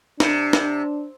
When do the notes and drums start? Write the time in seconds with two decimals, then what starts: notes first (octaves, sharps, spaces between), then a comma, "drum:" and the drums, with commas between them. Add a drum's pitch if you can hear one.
0.20 C3 D4, drum: snare
0.53 drum: snare